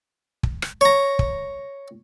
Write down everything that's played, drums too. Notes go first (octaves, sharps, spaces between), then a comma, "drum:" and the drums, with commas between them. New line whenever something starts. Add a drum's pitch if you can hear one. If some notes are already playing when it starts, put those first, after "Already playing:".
drum: kick
drum: rim click
C#5 A#5
drum: kick